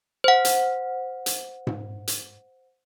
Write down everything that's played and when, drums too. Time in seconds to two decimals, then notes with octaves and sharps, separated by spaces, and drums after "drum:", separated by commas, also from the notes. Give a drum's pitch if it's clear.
0.24 C5 F#5
0.45 drum: hi-hat
1.26 drum: hi-hat
1.67 drum: tom G#2
2.08 drum: hi-hat